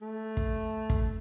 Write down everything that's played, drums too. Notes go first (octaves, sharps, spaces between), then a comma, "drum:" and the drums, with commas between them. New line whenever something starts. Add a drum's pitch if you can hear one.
A3
drum: kick
drum: kick